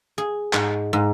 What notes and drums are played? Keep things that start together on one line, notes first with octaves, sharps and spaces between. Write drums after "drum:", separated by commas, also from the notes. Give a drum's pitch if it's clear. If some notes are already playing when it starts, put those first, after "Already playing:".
G#4
G#2, drum: clap
G#2